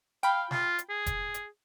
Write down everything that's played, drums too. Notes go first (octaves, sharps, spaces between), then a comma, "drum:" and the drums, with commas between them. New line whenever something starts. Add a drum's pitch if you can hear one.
F5 G5 B5
F4, drum: snare
drum: hi-hat
G#4
drum: kick F1, hi-hat
drum: hi-hat